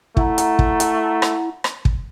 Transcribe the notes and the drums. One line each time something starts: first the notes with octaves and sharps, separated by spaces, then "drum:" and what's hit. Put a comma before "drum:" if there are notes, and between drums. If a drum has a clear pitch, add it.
A3 E4 F#5 A#5, drum: kick
drum: hi-hat
drum: kick
drum: hi-hat
drum: rim click
drum: rim click
drum: kick